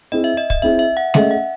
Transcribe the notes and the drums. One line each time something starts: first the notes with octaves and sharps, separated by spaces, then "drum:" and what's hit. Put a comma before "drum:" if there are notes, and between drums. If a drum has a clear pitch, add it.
C4 E4 G#4 D#5
E5
D#5
D#5, drum: kick
C4 E4 G#4 E5
E5
F#5
A3 C#4 G#4 D#5 E5, drum: snare G#3
F#5